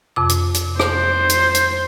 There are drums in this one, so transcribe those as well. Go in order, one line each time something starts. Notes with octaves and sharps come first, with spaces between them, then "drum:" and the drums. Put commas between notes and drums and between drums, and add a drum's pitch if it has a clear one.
F2 C3 D6
drum: hi-hat
drum: hi-hat
C5, drum: rim click
drum: hi-hat
drum: hi-hat